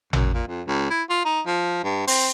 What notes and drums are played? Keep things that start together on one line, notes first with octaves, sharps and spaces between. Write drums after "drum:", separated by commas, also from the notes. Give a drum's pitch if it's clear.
F#2, drum: tom A1
A#2
F2
C#2
E4
F4
D#4
F3
G2
C4, drum: open hi-hat